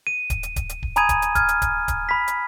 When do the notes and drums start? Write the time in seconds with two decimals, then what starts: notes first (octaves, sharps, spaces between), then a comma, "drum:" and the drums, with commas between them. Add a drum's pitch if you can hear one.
0.07 D#7
0.30 drum: kick D1, hi-hat
0.43 drum: hi-hat
0.56 drum: kick D1, hi-hat
0.69 drum: hi-hat
0.83 drum: kick D1
0.96 G#5 A#5 B5 D#6 G#6 D#7, drum: hi-hat
1.09 drum: kick D1, hi-hat
1.22 drum: hi-hat
1.35 F6 G#6, drum: kick D1, hi-hat
1.48 drum: hi-hat
1.62 drum: kick D1, hi-hat
1.88 drum: kick D1, hi-hat
2.09 B5 B6
2.28 drum: hi-hat